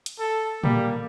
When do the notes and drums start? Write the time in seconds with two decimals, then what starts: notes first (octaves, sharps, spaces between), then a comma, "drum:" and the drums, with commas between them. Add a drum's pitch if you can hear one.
0.06 drum: hi-hat
0.19 A4
0.64 G3 A#3, drum: tom